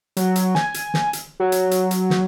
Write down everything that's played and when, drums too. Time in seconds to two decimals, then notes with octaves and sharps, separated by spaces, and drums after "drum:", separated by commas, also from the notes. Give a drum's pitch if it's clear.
0.17 F#3, drum: hi-hat
0.36 drum: hi-hat
0.55 G#5, drum: snare
0.74 drum: hi-hat
0.94 drum: snare
1.13 drum: hi-hat
1.40 F#3
1.52 drum: hi-hat
1.71 drum: hi-hat
1.91 drum: hi-hat
2.10 drum: snare